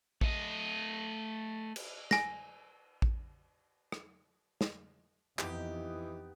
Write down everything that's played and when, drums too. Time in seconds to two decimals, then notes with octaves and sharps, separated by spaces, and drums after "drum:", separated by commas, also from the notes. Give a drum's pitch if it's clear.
0.21 A3 D#5, drum: kick A1
1.76 drum: cymbal
2.11 G#5 A#6, drum: snare
3.02 drum: kick A1
3.92 drum: rim click
4.61 drum: snare
5.39 F2 E3 B3 D#4 G4 G5, drum: clap